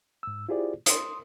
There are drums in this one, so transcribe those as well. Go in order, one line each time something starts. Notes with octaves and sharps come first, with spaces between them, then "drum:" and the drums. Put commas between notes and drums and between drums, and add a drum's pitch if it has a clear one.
G#2 E6
E4 F4 G4 G#4 C5 D5
C6 D#6, drum: hi-hat